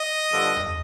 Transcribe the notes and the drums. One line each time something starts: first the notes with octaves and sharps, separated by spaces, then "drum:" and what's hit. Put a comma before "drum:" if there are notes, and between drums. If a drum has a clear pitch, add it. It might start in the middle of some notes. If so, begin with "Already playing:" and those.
Already playing: D#5
G2 D3 F3
drum: tom E2